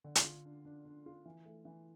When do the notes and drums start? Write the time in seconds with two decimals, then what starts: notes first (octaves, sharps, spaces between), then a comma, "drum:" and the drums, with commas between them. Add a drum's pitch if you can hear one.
0.04 D3
0.15 drum: hi-hat
0.24 F4
0.45 D4
0.65 D4
0.85 D4
1.06 F4
1.25 E3
1.45 A3
1.65 E3